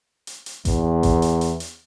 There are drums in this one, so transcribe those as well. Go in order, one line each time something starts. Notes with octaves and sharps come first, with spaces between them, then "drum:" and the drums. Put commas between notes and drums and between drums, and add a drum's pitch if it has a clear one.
drum: hi-hat
drum: hi-hat
E2, drum: kick G#1, hi-hat
drum: kick G#1, hi-hat
drum: hi-hat
drum: hi-hat
drum: hi-hat